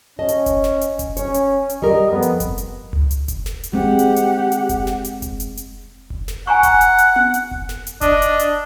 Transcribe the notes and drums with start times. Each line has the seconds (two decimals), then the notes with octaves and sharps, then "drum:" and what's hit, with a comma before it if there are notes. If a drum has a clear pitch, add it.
0.19 C#4 D#5 A5
0.29 drum: hi-hat
0.46 drum: kick F1, hi-hat
0.64 drum: snare
0.81 drum: hi-hat
0.99 drum: kick F1, hi-hat
1.17 C#4 C#5, drum: hi-hat
1.34 drum: hi-hat
1.70 drum: hi-hat
1.82 G3 A#4 D#5
2.12 F2 B3
2.22 drum: hi-hat
2.40 drum: kick F1, hi-hat
2.58 drum: hi-hat
2.93 drum: tom C#2
3.11 drum: hi-hat
3.28 drum: kick F1, hi-hat
3.46 drum: snare
3.63 drum: hi-hat
3.73 G#3 C4 G4 F#5
3.99 drum: hi-hat
4.16 drum: hi-hat
4.52 drum: hi-hat
4.69 drum: kick F1, hi-hat
4.87 drum: snare
5.05 drum: hi-hat
5.22 drum: kick F1, hi-hat
5.40 drum: hi-hat
5.57 drum: hi-hat
6.10 drum: kick F1
6.28 drum: snare
6.47 F#5 G#5 A#5 C#6
6.63 drum: kick F1, hi-hat
6.81 drum: hi-hat
6.98 drum: hi-hat
7.16 drum: tom B3
7.34 drum: hi-hat
7.51 drum: kick F1
7.69 drum: snare
7.87 drum: hi-hat
8.01 D4 D#5, drum: kick F1, hi-hat
8.22 drum: hi-hat
8.39 drum: hi-hat